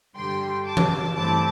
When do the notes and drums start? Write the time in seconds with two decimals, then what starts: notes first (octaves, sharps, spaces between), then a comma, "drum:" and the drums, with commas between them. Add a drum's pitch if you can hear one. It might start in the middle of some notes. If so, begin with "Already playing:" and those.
0.15 G2 D3 G3 G5 C6
0.66 A5 D6
0.77 drum: tom E3
1.15 G2 E3 A3 C4 E4 A5 D6